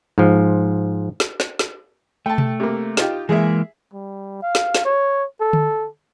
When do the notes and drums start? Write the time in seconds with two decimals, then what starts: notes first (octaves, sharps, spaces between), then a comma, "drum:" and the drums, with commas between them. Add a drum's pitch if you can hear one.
0.18 G#2 F3
1.20 drum: snare
1.40 drum: snare
1.59 drum: snare
2.26 A3 G5 A5
2.38 drum: tom B2
2.60 C3 A#3
2.97 D#4 F4 G4, drum: snare
3.29 E3 G#3 A#3 G#4 E5
3.93 G3
4.42 F5
4.55 drum: snare
4.75 drum: snare
4.85 C#5
5.41 A4
5.53 drum: tom D3